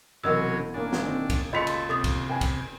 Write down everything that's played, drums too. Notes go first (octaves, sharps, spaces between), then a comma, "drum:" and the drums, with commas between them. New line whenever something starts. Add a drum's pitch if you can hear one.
E1 C3 F#3 B3 C#4 A#4 D#5 E6
A#3 C#4 D4 G#4
drum: snare
D#3 C4
drum: kick, cymbal
C#2 A4 D#5 B5 C6 B6 C#7
drum: cymbal
C3 A4 D#6 A6
drum: kick, cymbal
B4 G5 G#5
drum: kick, cymbal